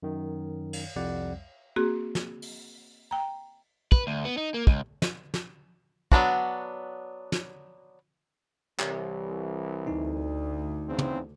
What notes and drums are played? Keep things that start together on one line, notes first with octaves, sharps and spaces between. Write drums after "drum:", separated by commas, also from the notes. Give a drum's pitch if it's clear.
F#2 D#3
drum: cymbal
C2 F2 G3 D5 F#5
A#3 C4 F#4 G#4
drum: snare
drum: open hi-hat
G5 A#5
B4, drum: kick
D2
B3
D#4
A#3
C#2, drum: kick
drum: snare
drum: snare
F#3 B3 D4 F#4, drum: kick
drum: snare
C2 E3 G4 C#5, drum: clap
D2 D#4
E2 C#3 C4
drum: tom